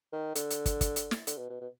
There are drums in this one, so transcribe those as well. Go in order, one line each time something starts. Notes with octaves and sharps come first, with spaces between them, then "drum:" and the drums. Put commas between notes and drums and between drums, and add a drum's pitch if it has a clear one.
D#3
D3, drum: hi-hat
drum: hi-hat
drum: kick, hi-hat
drum: kick, hi-hat
drum: hi-hat
drum: snare
D3, drum: hi-hat
B2
B2
B2